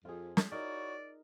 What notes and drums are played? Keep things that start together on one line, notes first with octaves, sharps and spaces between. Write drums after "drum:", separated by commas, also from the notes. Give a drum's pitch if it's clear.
F2 F4 G#4
drum: snare
D#4 E4 F#4 A#4 C#5 D5